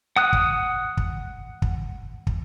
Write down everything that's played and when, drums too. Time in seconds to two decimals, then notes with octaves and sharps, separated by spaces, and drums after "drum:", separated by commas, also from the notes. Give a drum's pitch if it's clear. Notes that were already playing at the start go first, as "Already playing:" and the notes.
0.16 F#5 D#6 F#6
0.33 drum: kick
0.97 drum: kick
1.62 drum: kick
2.27 drum: kick